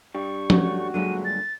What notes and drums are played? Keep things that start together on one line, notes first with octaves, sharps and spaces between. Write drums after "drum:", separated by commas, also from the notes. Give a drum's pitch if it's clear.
G2 G3 C#6
A3 F#4 C#5, drum: tom F3
G2 A#2 D3 F#3 G#3 D#7
A6